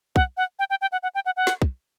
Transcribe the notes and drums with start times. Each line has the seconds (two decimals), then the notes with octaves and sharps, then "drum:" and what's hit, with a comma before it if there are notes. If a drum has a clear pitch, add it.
0.16 F#5, drum: kick
0.37 F#5
0.59 G5
0.70 G5
0.81 G5
0.92 F#5
1.03 F#5
1.15 G5
1.26 F#5
1.37 F#5
1.47 drum: snare
1.62 drum: kick